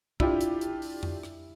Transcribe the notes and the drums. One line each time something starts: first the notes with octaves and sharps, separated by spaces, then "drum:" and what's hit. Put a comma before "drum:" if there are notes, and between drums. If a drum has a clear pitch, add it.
D4 E4 F4 G4, drum: kick
drum: hi-hat
drum: hi-hat
drum: open hi-hat
drum: tom F2
drum: rim click